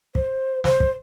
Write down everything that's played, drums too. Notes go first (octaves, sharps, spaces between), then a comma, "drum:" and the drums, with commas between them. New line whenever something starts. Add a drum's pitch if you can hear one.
C5, drum: kick
C5, drum: snare
drum: kick